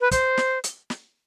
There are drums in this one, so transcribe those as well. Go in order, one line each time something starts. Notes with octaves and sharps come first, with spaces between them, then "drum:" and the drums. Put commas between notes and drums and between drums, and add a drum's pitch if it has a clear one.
B4
C5, drum: kick, hi-hat
drum: snare
drum: hi-hat
drum: snare